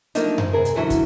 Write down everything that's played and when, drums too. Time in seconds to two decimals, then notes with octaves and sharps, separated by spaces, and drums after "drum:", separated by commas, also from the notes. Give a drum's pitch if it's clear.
0.15 F3 F#3 A3 A#3 D4 D#4, drum: hi-hat
0.38 G#2 G#3, drum: tom F#2
0.53 C3 B3 G#4 A#4
0.65 drum: hi-hat
0.75 D3 E3 F#3 C#4 E4
0.90 drum: kick, hi-hat